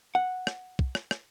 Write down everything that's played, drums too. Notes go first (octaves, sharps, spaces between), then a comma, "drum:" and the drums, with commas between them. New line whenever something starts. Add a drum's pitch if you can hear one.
F#5
drum: rim click
drum: kick
drum: rim click
drum: rim click